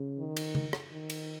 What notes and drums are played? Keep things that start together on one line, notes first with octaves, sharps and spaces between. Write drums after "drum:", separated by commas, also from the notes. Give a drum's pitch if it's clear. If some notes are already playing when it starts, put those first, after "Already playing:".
Already playing: C#3
D#3
drum: cymbal
drum: tom C#3
drum: rim click
D#3
drum: cymbal